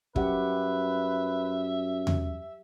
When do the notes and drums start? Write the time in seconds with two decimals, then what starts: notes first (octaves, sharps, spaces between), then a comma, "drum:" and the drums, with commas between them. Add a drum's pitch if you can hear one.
0.16 F#2 F#3 G4 B4 E5 F#5, drum: kick
2.07 drum: tom E2